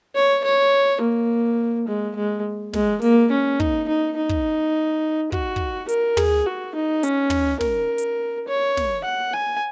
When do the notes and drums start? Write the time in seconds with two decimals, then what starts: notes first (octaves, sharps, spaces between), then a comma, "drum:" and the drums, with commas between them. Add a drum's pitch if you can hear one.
0.15 C#5
0.44 C#5
1.01 A#3
1.88 G#3
2.16 G#3
2.73 G#3, drum: snare
3.02 A#3, drum: open hi-hat
3.31 C#4
3.60 D#4, drum: kick
3.88 D#4
4.17 D#4
4.29 drum: kick
5.32 F#4, drum: kick
5.56 drum: kick
5.89 A#4, drum: hi-hat
6.17 G#4, drum: tom
6.46 F#4
6.75 D#4
7.03 C#4, drum: hi-hat
7.30 drum: tom
7.61 A#4, drum: snare
7.98 drum: hi-hat
8.47 C#5
8.77 drum: snare
9.04 F#5
9.33 G#5